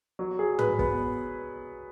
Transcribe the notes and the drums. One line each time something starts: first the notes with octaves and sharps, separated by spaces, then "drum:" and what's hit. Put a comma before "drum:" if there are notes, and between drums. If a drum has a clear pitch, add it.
F#3
G#4
B4, drum: tom
B3, drum: kick